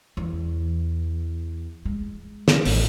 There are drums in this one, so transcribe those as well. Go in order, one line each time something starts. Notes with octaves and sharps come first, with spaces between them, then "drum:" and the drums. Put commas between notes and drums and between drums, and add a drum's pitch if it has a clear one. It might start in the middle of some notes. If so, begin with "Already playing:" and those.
E2
G#3
drum: snare
A1, drum: open hi-hat